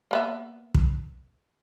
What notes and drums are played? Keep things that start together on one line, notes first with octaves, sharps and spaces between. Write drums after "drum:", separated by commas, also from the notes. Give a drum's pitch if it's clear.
A#3 B3 E5
drum: kick